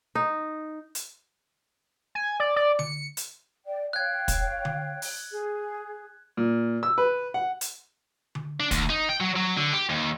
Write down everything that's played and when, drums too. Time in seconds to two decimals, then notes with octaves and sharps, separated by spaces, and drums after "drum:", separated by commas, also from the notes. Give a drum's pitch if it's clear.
0.15 D#4
0.95 drum: hi-hat
2.15 G#5
2.40 D5
2.56 D5
2.79 C#7, drum: tom D3
3.17 drum: hi-hat
3.65 D5 G5
3.93 C#5 F5 G5 F#6 G#6
4.28 drum: kick, hi-hat
4.65 drum: tom D3
5.02 drum: open hi-hat
5.32 G#4
6.37 A#2
6.83 E6
6.98 B4
7.34 F#5
7.61 drum: hi-hat
8.35 drum: tom D3
8.60 D4
8.71 D2, drum: kick, hi-hat
8.90 D#4
9.09 G5
9.20 F#3
9.36 F#3
9.57 D3
9.73 G4
9.90 D#2